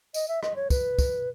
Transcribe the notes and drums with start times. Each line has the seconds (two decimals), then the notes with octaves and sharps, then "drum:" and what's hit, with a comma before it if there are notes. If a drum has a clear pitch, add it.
0.14 D#5, drum: tambourine
0.28 E5
0.43 D#5, drum: rim click
0.56 C#5
0.70 B4, drum: kick, tambourine
0.99 drum: kick, tambourine